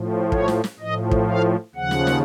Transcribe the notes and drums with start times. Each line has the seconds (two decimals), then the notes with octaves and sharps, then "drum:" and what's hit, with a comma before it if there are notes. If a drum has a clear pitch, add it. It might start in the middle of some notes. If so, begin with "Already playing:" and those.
Already playing: A2 F3
0.32 C#5, drum: kick
0.48 drum: snare
0.64 drum: snare
0.80 A2 F3 D#5
1.11 drum: kick
1.27 F5
1.75 D#2 C#3 F3 F#5
1.91 drum: snare
2.07 drum: snare